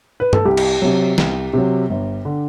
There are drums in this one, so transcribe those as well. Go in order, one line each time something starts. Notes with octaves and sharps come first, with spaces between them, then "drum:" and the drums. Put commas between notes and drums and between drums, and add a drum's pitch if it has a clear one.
B4
A4, drum: tom
C2 G4
drum: cymbal
C3 F#3
C2, drum: snare
C3 F#3
G1
D3